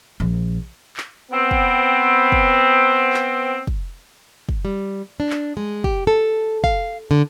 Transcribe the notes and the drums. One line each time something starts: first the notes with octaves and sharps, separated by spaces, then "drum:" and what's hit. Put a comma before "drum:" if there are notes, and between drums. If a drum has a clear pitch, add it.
A#1
drum: clap
B3 C4
drum: kick
drum: kick
drum: clap
drum: kick
drum: kick
G3
D4
drum: clap
G#3
G4, drum: kick
A4
F5, drum: kick
D3